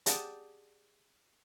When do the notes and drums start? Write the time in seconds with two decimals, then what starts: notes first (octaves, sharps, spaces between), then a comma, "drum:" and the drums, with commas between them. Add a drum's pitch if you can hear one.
0.06 G4 G#4 D5 F#5 G5 A5, drum: hi-hat